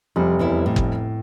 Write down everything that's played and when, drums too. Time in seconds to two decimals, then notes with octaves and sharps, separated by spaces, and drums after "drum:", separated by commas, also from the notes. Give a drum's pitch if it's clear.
0.16 F1 F3 G3
0.39 E2 E3 E4
0.66 A2
0.76 drum: kick